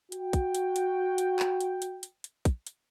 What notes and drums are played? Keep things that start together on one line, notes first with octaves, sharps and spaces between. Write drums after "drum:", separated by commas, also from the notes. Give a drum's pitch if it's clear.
F#4 G5, drum: hi-hat
drum: kick, hi-hat
drum: hi-hat
drum: hi-hat
drum: hi-hat
drum: clap
drum: hi-hat
drum: hi-hat
drum: hi-hat
drum: hi-hat
drum: kick, hi-hat
drum: hi-hat